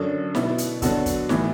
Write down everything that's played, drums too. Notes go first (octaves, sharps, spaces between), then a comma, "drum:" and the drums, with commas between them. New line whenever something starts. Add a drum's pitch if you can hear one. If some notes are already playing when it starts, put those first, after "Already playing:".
Already playing: F#2 D3 F#3
B2 B3 E4 B4, drum: snare D#4
drum: hi-hat
D3 F#3 B3 F#4 A4, drum: kick, hi-hat
drum: kick, hi-hat
A2 E3 B3 E4, drum: snare D#4